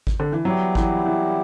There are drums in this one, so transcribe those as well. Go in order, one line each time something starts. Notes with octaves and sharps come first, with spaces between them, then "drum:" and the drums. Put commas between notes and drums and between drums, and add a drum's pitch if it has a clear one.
drum: kick G#1
D3
E3
F#3 G3 B3 E4 G4
E3, drum: kick G#1
E3